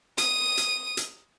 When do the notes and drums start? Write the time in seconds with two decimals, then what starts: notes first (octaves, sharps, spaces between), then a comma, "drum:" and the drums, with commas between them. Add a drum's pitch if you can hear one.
0.18 D#6 D#7, drum: hi-hat
0.57 drum: hi-hat
0.97 drum: hi-hat